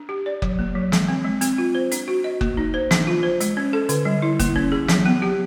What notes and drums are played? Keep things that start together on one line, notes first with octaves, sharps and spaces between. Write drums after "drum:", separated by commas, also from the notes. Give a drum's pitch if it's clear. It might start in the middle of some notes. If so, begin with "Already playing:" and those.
Already playing: D4
G4
D5
F#3, drum: kick F#1
A#3
F#3
G#3, drum: snare
C4
G#3
C4, drum: hi-hat
F4
C5
D4, drum: hi-hat
F#4
D#5
A#3, drum: kick F#1
D#4
C5
D4, drum: snare
F4
C5
G#3, drum: hi-hat
C#4
A4
D3, drum: hi-hat
G3
E4
A#3, drum: kick F#1, hi-hat
C#4
G#4
F#3, drum: snare
B3
G4